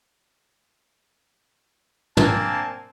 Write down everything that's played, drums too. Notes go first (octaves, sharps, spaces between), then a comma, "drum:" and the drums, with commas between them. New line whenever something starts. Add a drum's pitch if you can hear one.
A#3 C4 D4 G#5 A5, drum: tom